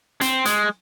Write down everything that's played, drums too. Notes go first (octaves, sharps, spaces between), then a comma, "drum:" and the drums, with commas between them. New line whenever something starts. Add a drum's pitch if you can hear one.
C4, drum: hi-hat
G#3, drum: hi-hat